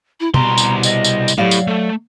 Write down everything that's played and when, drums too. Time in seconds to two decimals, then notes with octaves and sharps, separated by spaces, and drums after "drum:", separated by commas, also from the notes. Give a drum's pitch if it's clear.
0.20 E4
0.34 C2 B2 G4 A#5 C6, drum: tom
0.58 drum: tambourine
0.83 D#5, drum: tambourine
1.04 drum: tambourine
1.28 drum: tambourine
1.38 A2 F#3 G4 D5 F5
1.51 drum: tambourine
1.67 A3 A4